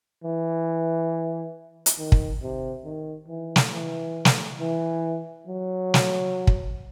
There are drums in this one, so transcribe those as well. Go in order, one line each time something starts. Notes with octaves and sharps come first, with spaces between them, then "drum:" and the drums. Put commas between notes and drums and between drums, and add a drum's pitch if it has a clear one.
E3
drum: hi-hat
D#3
drum: kick
C3
D#3
E3
drum: snare
E3
drum: snare
E3
F#3
drum: snare
drum: kick